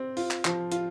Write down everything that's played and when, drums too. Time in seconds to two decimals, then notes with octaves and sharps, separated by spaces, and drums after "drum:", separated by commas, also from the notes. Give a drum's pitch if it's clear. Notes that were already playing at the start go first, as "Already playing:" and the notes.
Already playing: C4
0.17 F4, drum: open hi-hat
0.31 drum: clap
0.45 F3, drum: clap
0.72 F4, drum: hi-hat